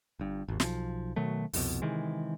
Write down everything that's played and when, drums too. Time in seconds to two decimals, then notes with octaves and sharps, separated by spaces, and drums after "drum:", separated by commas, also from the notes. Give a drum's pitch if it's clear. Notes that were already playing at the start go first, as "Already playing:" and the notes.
0.19 G1 G2
0.48 G#1 D#2
0.60 B1 F3, drum: snare
1.16 B2 D#3 F#3 A3
1.53 C2 F2 B2, drum: open hi-hat
1.82 C3 D#3 E3 G#3